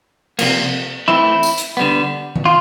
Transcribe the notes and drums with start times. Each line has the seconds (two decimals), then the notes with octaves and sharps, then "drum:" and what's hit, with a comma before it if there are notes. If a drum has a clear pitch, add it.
0.39 C3 F3 A#3, drum: cymbal
1.08 E3 A3 C4 E4
1.43 drum: tambourine
1.58 drum: hi-hat
1.77 D3 G3 B3
2.36 drum: tom D#3
2.46 F4